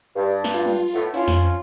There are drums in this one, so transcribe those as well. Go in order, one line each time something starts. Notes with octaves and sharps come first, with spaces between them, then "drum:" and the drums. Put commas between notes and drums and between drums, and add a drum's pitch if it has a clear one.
G2
drum: snare
F4
drum: tom F#3
A2 B3
C#4 E4 F4
F2, drum: snare